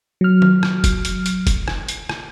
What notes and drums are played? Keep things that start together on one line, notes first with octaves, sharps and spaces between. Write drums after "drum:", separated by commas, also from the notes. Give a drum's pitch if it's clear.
F#3 F6
drum: tom D#3
drum: rim click
drum: kick F1, hi-hat
drum: hi-hat
drum: hi-hat
drum: kick F1, hi-hat
drum: rim click
drum: hi-hat
drum: rim click